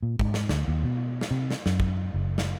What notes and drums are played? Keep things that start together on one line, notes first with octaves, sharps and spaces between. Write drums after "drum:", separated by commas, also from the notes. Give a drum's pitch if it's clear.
A#2
G#2, drum: kick
drum: snare
D2, drum: snare
D#2
B2
drum: snare
C3
drum: snare
F#2, drum: snare
drum: kick
F#1
drum: snare